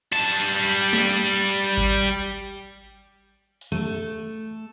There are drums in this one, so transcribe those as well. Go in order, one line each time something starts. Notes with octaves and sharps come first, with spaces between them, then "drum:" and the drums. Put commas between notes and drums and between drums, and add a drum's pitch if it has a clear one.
G3 A5, drum: open hi-hat
drum: snare
drum: cymbal
drum: kick G#1
drum: hi-hat
A3